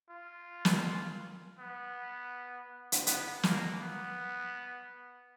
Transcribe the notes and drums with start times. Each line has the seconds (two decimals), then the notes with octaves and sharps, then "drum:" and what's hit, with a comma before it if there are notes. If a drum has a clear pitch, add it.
0.09 F4
0.65 drum: snare
1.59 B3
2.92 drum: hi-hat
3.07 B3, drum: hi-hat
3.43 A#3, drum: snare
3.81 B3